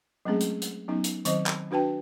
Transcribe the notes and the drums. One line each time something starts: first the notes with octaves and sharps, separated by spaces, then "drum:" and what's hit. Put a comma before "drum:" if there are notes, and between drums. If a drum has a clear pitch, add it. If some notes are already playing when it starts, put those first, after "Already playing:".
F#3 G#3 A3 C4 C#4 G#4
drum: hi-hat
drum: hi-hat
F#3 B3 C#4 D#4
drum: hi-hat
D#3 F#3 C4 C5 D#5, drum: hi-hat
drum: clap
D4 F#4 B4 G5 A5